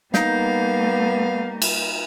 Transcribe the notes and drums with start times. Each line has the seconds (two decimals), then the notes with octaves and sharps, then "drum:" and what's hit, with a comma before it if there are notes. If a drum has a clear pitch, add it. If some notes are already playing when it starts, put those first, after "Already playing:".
0.14 G3 A#3 B3 D#4 F5, drum: snare
1.62 drum: cymbal